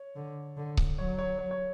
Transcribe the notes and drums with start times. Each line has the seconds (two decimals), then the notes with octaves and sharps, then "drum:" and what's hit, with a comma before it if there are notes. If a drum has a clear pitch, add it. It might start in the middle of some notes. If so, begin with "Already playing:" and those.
Already playing: C#5
0.16 D3
0.57 D3
0.77 drum: kick C#1
0.98 F#3 C#5
1.18 C#5
1.39 C#5
1.51 C#5